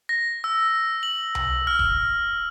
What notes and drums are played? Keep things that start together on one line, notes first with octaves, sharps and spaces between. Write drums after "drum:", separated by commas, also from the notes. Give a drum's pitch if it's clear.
A#6
E6
F#7
drum: tom C2
F6
drum: kick D#1